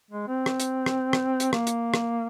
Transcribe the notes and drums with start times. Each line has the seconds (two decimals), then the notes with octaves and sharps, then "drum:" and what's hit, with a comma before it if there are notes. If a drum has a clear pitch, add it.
0.11 G#3
0.28 C4
0.46 drum: rim click
0.60 drum: hi-hat
0.86 drum: rim click
1.13 drum: rim click
1.40 drum: hi-hat
1.53 A#3, drum: rim click
1.67 drum: hi-hat
1.94 drum: rim click